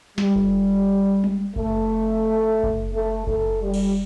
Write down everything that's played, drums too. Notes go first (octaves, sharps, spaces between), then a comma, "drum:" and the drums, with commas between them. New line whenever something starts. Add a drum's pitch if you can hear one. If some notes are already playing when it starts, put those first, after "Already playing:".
G3, drum: snare
drum: kick F#1
drum: tom G3
A3, drum: kick F#1
drum: kick F#1
A3
A3, drum: kick F#1
G3
drum: cymbal